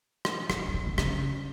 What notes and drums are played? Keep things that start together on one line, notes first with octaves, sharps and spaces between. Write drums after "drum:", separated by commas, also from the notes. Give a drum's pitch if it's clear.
drum: rim click
F3, drum: rim click
F3
E3
D3
C#3, drum: rim click